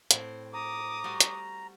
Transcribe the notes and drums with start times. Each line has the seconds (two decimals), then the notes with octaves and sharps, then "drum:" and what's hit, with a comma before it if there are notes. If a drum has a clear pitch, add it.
0.11 A2 C4, drum: hi-hat
0.54 A#5 D6 D#6
1.04 G3 F#4
1.20 drum: hi-hat